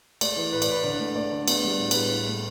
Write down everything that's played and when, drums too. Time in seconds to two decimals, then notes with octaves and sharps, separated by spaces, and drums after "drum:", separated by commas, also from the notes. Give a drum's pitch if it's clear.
0.21 A3 D5, drum: cymbal
0.37 E3
0.53 A2 B4
0.62 D5, drum: cymbal
0.69 A2 B4
0.84 D3 D5
1.00 A3
1.16 A3 D5
1.32 D3
1.48 B3 D5, drum: cymbal
1.65 G3
1.70 D5
1.79 A2
1.91 B4, drum: cymbal
1.97 A2
2.12 A2
2.28 A3